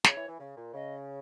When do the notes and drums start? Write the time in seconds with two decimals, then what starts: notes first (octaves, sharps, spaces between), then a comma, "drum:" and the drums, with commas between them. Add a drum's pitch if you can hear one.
0.04 C#3 C#5, drum: snare
0.16 E3
0.27 E3
0.39 C#3
0.56 A#2
0.73 C#3 D#5